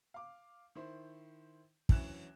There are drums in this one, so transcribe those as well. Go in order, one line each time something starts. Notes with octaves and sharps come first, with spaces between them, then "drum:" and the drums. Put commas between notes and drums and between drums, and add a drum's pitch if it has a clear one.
F5 D6
D#3 E4 C5
D2 E3 F#3 C#4 F#6 E7, drum: kick